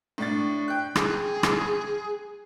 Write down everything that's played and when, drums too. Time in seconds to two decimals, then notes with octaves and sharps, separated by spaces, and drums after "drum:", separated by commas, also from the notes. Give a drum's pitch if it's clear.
0.18 A2 D4 A6
0.68 G5 F#6
0.96 G#4, drum: rim click
1.43 drum: rim click